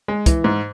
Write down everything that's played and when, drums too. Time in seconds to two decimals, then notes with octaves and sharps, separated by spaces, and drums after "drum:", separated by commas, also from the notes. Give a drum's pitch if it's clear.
0.08 G#3
0.26 E3, drum: kick, hi-hat
0.44 G#2